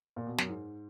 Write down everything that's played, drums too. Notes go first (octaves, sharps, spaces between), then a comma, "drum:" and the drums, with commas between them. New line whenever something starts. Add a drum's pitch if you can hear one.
A#2
B2
F#2, drum: snare
G#2